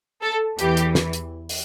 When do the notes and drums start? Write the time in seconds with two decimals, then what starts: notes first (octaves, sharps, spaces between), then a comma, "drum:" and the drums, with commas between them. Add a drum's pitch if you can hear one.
0.22 A4
0.59 E2 E3 G4, drum: hi-hat
0.77 drum: hi-hat
0.95 drum: snare
1.13 drum: hi-hat
1.49 drum: open hi-hat